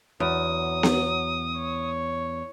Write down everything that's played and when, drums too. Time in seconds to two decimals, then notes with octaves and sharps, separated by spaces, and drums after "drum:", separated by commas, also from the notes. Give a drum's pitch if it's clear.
0.20 E2 F#3 D#6
0.83 drum: snare B3
1.57 C#5